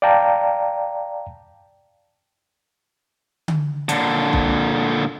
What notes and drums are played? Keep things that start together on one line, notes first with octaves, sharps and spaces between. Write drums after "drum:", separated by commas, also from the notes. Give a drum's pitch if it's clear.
D5 F5 G5 A5 A#5
drum: tom D3
A#2 D3, drum: hi-hat
drum: kick